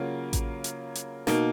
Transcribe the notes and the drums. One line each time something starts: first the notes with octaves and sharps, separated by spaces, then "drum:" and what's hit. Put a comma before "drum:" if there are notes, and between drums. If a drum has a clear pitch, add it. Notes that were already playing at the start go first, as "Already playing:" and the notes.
Already playing: C#3 F#3 A#3 F4
drum: kick A1, hi-hat
drum: hi-hat
drum: hi-hat
B2 A#3 D#4, drum: snare